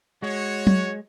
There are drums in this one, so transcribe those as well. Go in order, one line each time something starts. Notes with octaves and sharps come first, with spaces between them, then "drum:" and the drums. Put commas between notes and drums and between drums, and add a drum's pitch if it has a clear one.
G#3 F#4 C#5
drum: tom F#3